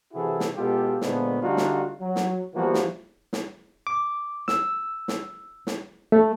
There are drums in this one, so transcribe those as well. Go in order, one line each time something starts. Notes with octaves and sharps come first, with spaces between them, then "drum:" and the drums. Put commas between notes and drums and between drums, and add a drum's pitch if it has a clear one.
C3 E3 E4 F#4 G#4 A4
drum: snare
B2 G#3 B3 F4 G4 A4
A#2 D3 F3 G#3 A3 B3, drum: snare
D3 G3 A3 D#4 F4 F#4
drum: snare
F#3
drum: snare
E3 F3 G3 A#3 B3 F#4
drum: snare
drum: snare
D6
E6, drum: snare
drum: snare
drum: snare
A3